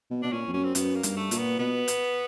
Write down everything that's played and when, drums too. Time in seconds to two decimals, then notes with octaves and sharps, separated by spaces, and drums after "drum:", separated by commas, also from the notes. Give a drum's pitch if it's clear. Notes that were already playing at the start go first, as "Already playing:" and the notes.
0.11 B2
0.23 B2 D4
0.32 A#2 C#4
0.48 F2
0.53 F#2 C#4
0.64 C4
0.75 F#2 B3, drum: hi-hat
0.96 A#3
1.03 G2, drum: hi-hat
1.17 A3
1.31 A#2, drum: hi-hat
1.38 B3
1.59 B2 B3
1.88 drum: hi-hat